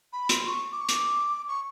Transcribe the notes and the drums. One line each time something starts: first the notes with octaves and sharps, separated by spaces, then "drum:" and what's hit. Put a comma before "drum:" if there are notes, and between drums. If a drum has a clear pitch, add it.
B5
C6, drum: hi-hat
C#6
D6
C#6
D6, drum: hi-hat
C#6